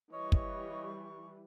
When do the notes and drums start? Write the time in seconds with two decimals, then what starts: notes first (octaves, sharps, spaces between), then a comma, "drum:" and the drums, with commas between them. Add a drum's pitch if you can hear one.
0.13 E3 G3 C#5 D#5 C#6
0.32 drum: kick